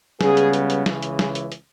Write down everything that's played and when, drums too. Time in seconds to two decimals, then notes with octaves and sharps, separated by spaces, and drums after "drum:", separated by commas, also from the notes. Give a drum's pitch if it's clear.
0.21 C#2 C#3 G3 B3 G#4, drum: snare
0.37 drum: hi-hat
0.53 drum: hi-hat
0.70 drum: hi-hat
0.86 C#2 C#3 E3, drum: snare
1.03 drum: hi-hat
1.19 G#4, drum: snare
1.35 drum: hi-hat
1.52 drum: hi-hat